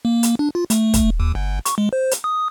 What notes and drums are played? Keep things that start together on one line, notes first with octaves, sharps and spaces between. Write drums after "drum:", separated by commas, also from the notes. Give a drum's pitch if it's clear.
A#3
drum: hi-hat
D4
F4
A3, drum: hi-hat
drum: kick, hi-hat
D#2
G1
C#6, drum: hi-hat
G#3
C5
drum: hi-hat
D#6